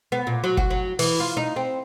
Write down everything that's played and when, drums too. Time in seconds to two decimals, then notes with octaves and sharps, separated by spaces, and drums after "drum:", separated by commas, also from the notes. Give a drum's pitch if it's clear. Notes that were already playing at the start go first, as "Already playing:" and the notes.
0.12 B3
0.27 A#2
0.44 F#3
0.57 F#4, drum: kick F#1
0.71 F#3
0.99 E3, drum: open hi-hat
1.20 F4
1.37 D#4
1.56 C4